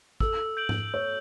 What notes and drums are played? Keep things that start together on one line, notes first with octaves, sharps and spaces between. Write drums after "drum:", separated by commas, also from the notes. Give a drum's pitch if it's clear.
A4 E6, drum: kick
G6 D7 F#7
drum: tom G#2
C#5 E6